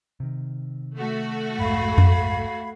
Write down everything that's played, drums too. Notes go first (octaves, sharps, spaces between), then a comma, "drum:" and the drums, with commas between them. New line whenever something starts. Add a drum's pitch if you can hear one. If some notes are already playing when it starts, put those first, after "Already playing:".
C3 D#3
A3 F#4
B1 F2 G#2 F5 B5 G#6
drum: tom F2